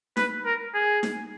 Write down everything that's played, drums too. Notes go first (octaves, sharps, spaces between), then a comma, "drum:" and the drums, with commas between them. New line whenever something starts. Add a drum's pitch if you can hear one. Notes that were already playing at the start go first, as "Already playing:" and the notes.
B4, drum: snare D#4
A#4
G#4
drum: snare D#4